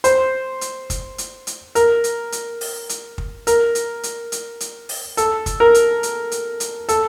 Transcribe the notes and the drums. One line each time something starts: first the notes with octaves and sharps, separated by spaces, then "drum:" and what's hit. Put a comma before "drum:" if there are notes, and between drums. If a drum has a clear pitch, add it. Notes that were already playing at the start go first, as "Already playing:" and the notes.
C5, drum: hi-hat
drum: hi-hat
drum: kick, hi-hat
drum: hi-hat
drum: hi-hat
A#4, drum: hi-hat
drum: hi-hat
drum: hi-hat
drum: open hi-hat
drum: hi-hat
drum: kick
A#4, drum: hi-hat
drum: hi-hat
drum: hi-hat
drum: hi-hat
drum: hi-hat
drum: open hi-hat
A4, drum: hi-hat
drum: kick, hi-hat
A#4
drum: hi-hat
drum: hi-hat
drum: hi-hat
drum: hi-hat
A4, drum: hi-hat